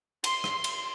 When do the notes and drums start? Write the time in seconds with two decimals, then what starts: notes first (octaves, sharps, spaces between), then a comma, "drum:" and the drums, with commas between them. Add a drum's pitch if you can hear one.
0.24 C6, drum: cymbal
0.44 drum: rim click
0.64 drum: cymbal